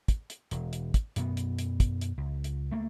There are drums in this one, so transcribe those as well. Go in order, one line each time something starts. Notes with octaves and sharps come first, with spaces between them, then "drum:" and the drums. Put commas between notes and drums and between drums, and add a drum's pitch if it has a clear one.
drum: kick, hi-hat
drum: hi-hat
E1, drum: hi-hat
drum: hi-hat
drum: kick, hi-hat
F#2 B2 B3, drum: hi-hat
drum: hi-hat
drum: hi-hat
drum: kick, hi-hat
drum: hi-hat
C#2
drum: hi-hat
C#2 A3 A#3